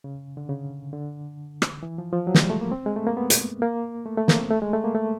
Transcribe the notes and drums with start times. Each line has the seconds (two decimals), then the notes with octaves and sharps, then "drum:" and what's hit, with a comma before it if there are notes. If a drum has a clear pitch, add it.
0.04 C#3
0.37 D3
0.49 C#3
0.93 D3
1.62 drum: rim click
1.83 E3
1.98 F3
2.12 F3
2.27 F#3
2.35 G#3, drum: snare
2.39 G3
2.50 A3
2.61 A#3
2.72 C4
2.86 G#3
2.96 A3
3.07 A#3
3.17 B3
3.30 drum: hi-hat
3.62 A#3
4.06 A3
4.17 A3
4.28 A#3, drum: snare
4.39 C4
4.51 A3
4.62 G#3
4.73 A3
4.84 A#3
4.95 A3